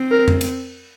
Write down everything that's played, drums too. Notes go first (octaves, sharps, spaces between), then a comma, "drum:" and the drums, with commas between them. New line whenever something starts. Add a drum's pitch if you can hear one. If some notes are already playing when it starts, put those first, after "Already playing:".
Already playing: C4
A#4
drum: tom F2
drum: cymbal